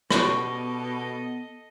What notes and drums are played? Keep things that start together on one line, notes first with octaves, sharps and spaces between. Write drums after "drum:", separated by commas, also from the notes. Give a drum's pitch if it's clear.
B2 B3 C#4 D4 G4 A4 D#5, drum: rim click